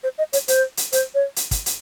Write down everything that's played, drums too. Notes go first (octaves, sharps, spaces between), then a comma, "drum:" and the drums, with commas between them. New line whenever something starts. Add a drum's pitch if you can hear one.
C5
D#5
C#5, drum: hi-hat
C5, drum: hi-hat
drum: hi-hat
C5, drum: hi-hat
C#5
drum: hi-hat
drum: kick, hi-hat
drum: hi-hat